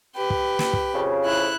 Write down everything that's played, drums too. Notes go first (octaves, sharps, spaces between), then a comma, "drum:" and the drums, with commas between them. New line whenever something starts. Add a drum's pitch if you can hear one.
G4 B4
drum: kick
drum: snare
drum: kick
F2 C#3
E4 F#6